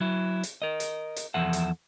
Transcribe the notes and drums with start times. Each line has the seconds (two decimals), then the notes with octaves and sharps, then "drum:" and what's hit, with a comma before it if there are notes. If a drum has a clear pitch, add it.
0.01 F#3 E4
0.43 drum: hi-hat
0.62 A#4 D#5
0.80 drum: hi-hat
1.16 drum: hi-hat
1.34 E2 E3 F3 A4 E5 F#5
1.53 drum: hi-hat